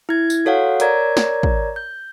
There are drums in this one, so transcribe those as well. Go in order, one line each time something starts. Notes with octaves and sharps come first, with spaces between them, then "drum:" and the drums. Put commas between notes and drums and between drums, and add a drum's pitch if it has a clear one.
E4 G#6
drum: tambourine
F#4 A4 C#5 F5 F#5
A#4 C#5 D5 A#5 G#6, drum: hi-hat
drum: snare
drum: kick
G6